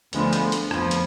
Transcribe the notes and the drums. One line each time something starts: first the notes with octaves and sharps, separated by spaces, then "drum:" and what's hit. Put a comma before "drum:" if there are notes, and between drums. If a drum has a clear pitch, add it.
D2 D3 F3 G#3 B3, drum: hi-hat
drum: hi-hat
drum: hi-hat
F2 F3 B3, drum: rim click
drum: hi-hat